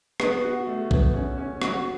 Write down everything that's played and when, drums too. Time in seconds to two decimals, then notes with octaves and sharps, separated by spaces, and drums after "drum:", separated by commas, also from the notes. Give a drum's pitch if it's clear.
0.20 B3, drum: rim click
0.44 F#4
0.67 A3
0.91 B3, drum: kick A#1
1.14 C#4
1.38 C#4
1.62 F#4, drum: rim click